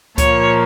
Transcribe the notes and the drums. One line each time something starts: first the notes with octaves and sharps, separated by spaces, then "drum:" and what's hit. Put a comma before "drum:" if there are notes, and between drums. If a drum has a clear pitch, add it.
A#2 F3 A#3 C#5, drum: kick C#2, hi-hat